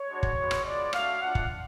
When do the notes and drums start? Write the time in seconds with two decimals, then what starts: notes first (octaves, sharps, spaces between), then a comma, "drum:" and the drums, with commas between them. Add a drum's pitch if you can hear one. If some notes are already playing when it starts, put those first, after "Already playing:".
Already playing: C#5
0.09 G#3 D4 F#4
0.23 drum: kick
0.37 G#3 B3 F#4
0.51 drum: rim click
0.64 G#3 B3 F4 D5
0.93 A3 D4 F#4 F5, drum: rim click
1.21 A3 D4 F4 F#5
1.35 drum: kick